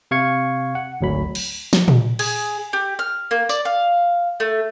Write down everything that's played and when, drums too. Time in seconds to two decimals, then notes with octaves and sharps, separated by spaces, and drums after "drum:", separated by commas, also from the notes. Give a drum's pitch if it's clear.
0.11 C3 F5 C#6 G#6 C#7
0.75 F#5
1.01 G#1 D2 F#3 B5
1.35 drum: cymbal
1.73 drum: snare
1.88 drum: tom A#2
2.19 G#4, drum: cymbal
2.73 G4
2.99 F6
3.31 A#3
3.49 D5, drum: tambourine
3.65 F5
4.40 A3